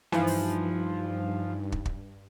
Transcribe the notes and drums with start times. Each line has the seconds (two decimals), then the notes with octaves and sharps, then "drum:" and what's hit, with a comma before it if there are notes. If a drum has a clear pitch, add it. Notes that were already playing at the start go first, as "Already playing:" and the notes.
0.12 G2 E3 F3 D#4, drum: snare
0.27 drum: open hi-hat
1.72 drum: kick
1.85 drum: kick